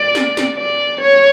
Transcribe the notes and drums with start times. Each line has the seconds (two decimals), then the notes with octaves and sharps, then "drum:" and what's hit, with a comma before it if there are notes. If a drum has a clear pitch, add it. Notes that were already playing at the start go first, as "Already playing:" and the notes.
Already playing: D5
0.15 drum: snare
0.37 drum: snare
0.57 D5
1.01 C#5